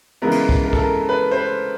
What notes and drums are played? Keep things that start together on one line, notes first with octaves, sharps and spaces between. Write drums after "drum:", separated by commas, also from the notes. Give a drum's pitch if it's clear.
C#3 E3 G#3 B3 A#4
drum: cymbal
drum: kick
A#4
A4, drum: kick
A#4
B4
C5
B4